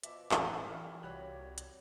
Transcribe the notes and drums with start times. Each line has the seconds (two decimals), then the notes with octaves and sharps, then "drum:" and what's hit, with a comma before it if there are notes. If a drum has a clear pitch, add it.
0.03 B2 F3 E5 D6, drum: hi-hat
0.31 F2 A2 E3 A4, drum: clap
0.64 A#2 G4 D5 E5 F5 F6
1.03 C2 F#4 C#5 B5 F#6
1.58 drum: hi-hat